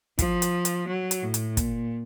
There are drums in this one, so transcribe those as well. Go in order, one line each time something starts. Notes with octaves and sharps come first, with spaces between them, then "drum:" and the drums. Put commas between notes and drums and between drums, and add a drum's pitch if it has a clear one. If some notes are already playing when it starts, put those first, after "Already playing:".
F3, drum: kick, hi-hat
drum: hi-hat
drum: hi-hat
F#3
drum: hi-hat
A2
drum: hi-hat
A#2, drum: kick, hi-hat